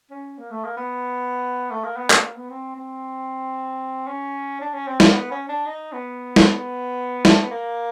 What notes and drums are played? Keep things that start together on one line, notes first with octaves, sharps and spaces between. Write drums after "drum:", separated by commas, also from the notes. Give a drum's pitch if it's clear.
C#4
A#3
A3
A#3
B3
A3
A#3
B3
A3, drum: clap
A#3
B3
C4
C4
C#4
D4
C#4
C4
A#3, drum: snare
B3
C#4
D4
D#4
B3
drum: snare
A3, drum: snare
B3
A#3